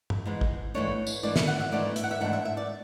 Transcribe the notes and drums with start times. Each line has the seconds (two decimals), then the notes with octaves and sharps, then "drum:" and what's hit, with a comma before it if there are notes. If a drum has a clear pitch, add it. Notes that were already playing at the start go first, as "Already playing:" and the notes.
0.10 drum: tom
0.26 G#2 E3 G#3
0.41 drum: kick
0.74 G#2 E3 A3 D4 C#5
1.07 drum: tambourine
1.23 G#2 E3 A3 D4 D5
1.36 E5, drum: snare
1.47 F#5
1.60 E5
1.72 G#2 E3 A3 D4 D5
1.96 E5, drum: hi-hat
2.03 F#5
2.11 E5
2.21 G#2 E3 A3 D4 F#5
2.33 E5
2.45 E5
2.57 D5